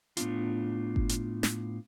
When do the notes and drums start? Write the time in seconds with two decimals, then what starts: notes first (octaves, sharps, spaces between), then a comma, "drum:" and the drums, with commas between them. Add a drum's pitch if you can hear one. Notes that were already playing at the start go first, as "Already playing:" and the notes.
0.17 A2 B3 D4 F4, drum: hi-hat
0.96 drum: kick G1
1.09 drum: hi-hat
1.43 drum: snare